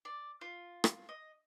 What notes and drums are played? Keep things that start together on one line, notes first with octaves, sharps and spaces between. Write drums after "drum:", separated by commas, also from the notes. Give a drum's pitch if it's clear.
D5
F4
drum: rim click
D#5